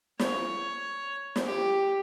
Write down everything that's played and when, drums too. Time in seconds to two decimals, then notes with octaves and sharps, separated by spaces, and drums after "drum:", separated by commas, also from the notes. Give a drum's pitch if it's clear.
0.19 C#5, drum: snare
1.36 drum: snare
1.46 G4